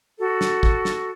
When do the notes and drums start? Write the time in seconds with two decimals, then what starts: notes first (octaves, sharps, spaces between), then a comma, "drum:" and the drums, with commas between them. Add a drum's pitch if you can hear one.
0.19 F#4 A4
0.41 drum: snare
0.63 drum: kick
0.85 drum: snare